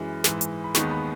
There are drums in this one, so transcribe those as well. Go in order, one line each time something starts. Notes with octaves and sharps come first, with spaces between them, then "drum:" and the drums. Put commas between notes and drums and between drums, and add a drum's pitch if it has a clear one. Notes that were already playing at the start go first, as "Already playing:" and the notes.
Already playing: F#2 E3 G#3 B5
G#2 E3 G#3, drum: snare
drum: hi-hat
B5
D#2 D#3 G#3 B3 C#6, drum: snare
B5